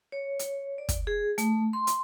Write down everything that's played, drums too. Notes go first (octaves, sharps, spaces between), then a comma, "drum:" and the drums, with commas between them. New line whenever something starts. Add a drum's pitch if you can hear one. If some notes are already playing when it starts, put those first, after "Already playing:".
C#5
drum: hi-hat
D5
drum: kick, hi-hat
G#4
A3, drum: hi-hat
C6
drum: hi-hat